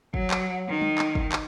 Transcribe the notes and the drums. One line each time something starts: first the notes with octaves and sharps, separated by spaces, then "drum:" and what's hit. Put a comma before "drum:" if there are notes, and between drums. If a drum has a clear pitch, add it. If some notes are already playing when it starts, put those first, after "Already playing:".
F#3, drum: kick
drum: clap
D#3
drum: tom G3
drum: clap
drum: kick
drum: clap